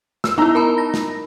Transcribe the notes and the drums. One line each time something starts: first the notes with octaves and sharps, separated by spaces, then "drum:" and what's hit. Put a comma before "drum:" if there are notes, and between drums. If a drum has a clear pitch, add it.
E6, drum: snare
B3 D#4 E4 A#5
A#4 A5 B5
A#6
drum: snare